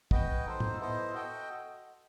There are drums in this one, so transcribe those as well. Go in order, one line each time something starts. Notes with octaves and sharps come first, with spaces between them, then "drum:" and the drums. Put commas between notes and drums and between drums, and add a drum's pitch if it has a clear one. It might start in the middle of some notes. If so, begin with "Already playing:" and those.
F#4 B4 D#5 G5, drum: kick
D#4 A4 C5
drum: tom
B3 E4 A4 C5 D#5
F#4 A4 D#5 G5